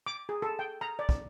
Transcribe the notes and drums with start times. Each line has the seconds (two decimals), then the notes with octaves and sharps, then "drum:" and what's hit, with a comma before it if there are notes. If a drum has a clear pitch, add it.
0.06 D6
0.29 G#4
0.42 A4
0.59 G5
0.81 A#5
0.99 D5
1.09 drum: kick